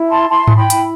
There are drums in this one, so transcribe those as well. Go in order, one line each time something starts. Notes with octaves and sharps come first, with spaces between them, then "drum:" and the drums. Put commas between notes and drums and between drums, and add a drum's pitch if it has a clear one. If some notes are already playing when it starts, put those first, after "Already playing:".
Already playing: E4
A5 C6
E4 A5 C6
A5, drum: tom G#2
G5 B5
E4, drum: hi-hat